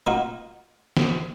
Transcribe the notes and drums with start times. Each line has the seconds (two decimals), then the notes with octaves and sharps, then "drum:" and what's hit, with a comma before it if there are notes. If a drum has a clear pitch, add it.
0.07 A#3 D#4 F4 F#4
0.97 drum: snare